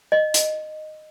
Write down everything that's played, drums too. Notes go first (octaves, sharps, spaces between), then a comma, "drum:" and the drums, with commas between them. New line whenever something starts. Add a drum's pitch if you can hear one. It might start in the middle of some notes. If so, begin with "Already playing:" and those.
D#5
drum: hi-hat